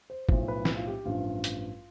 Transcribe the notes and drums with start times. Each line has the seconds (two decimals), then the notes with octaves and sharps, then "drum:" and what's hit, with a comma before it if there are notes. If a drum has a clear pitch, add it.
0.10 C5
0.29 B1 A2 F3 C5, drum: kick
0.48 B4
0.65 E4, drum: snare
0.76 F4
0.87 G4
1.05 A1 G2 F3 F4
1.44 drum: hi-hat